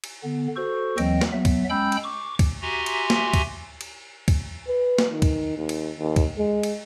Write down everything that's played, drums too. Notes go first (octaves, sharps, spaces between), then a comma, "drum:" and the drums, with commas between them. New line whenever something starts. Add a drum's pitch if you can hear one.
drum: cymbal
D3 B3
F#4 A4 C5 C#6
D#2 E3 F#3 C4 D#5 G5, drum: cymbal
drum: snare
F#3 B3 E5
drum: kick C#2, cymbal
G#3 C#4 G5 B5 E6 G6
drum: cymbal
C#6 D6
drum: kick C#2, cymbal
F#4 G4 E5 G#5 A#5 C6
drum: cymbal
drum: snare
drum: kick C#2, cymbal
drum: cymbal
drum: kick C#2, cymbal
B4
drum: snare
D#3
drum: kick C#2, cymbal
D#2
drum: cymbal
D#2
drum: kick C#2, cymbal
G#3
drum: cymbal